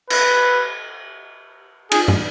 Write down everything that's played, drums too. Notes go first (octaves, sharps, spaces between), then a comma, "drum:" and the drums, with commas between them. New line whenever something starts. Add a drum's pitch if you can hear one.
B4, drum: cymbal
G#4, drum: cymbal
drum: tom